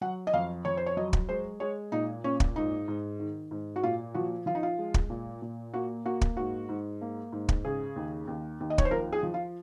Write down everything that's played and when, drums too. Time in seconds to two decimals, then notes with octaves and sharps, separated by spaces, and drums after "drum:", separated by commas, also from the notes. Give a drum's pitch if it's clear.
0.01 F#3 F#5
0.27 D#5
0.33 F2 F5
0.65 F2 C#5
0.77 C5
0.86 C#5
0.97 F#3 D#5
1.13 drum: kick
1.29 G#3 C5
1.60 G#3 C#5
1.92 A#2 D#4
2.24 A#2 C#4
2.40 drum: kick
2.56 G#2 D#4
2.88 G#2
3.20 D#3
3.51 G#2
3.76 F#4
3.83 A#2 F4
4.14 F3 F#4
4.46 F3 F4
4.55 D#4
4.63 F4
4.79 G#3
4.94 drum: kick
5.10 A#2
5.42 A#2
5.74 A#3 F#4
6.05 A#3 F#4
6.21 drum: kick
6.37 G#2 F#4
6.69 G#2
7.01 A#3
7.32 G#2
7.49 drum: kick
7.65 C#3 G#4
7.96 D#2
8.27 D#2
8.60 D#2
8.70 D#5
8.78 C#5, drum: kick
8.85 C5
8.91 F3 A#4
9.13 G#4
9.23 F3
9.34 F4